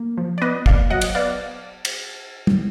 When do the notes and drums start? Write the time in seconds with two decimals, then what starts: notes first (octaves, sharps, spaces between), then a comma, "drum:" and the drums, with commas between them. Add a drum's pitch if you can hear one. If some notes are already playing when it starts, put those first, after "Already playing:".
Already playing: A#3
0.18 F3
0.38 D5
0.42 B3 B4 D#5
0.66 A#2 D5 F5, drum: kick
0.90 F#3 D#5 F#5
1.01 drum: cymbal
1.15 B3 D5 F5
1.85 drum: cymbal
2.47 drum: tom